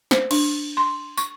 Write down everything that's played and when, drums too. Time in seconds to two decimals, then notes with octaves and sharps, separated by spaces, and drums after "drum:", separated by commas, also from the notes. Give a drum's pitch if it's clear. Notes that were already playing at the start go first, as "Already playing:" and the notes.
0.11 C5, drum: snare
0.31 D4, drum: cymbal
0.77 C6
1.18 C#6, drum: tambourine